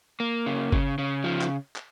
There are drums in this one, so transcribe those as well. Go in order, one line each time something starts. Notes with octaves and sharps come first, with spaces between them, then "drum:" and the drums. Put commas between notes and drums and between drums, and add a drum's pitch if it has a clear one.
A#3
C#3
C#3, drum: kick G1
C#3
F3
drum: clap
drum: clap